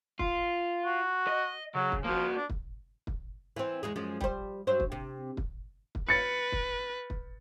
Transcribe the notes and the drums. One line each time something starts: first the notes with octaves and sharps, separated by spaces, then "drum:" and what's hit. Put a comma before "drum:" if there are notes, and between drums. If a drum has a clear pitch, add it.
F4, drum: kick
F#4
D#5
C#3 F#3
drum: kick
F3 A#3 F#4
D4
drum: kick
drum: kick
E3 C4
E2 G#3 G#4
F#2 F3 G#3
G3 C5, drum: kick
G2 F#3 C5
drum: kick
C3
drum: kick
drum: kick
B4 A6 C#7
drum: kick
drum: kick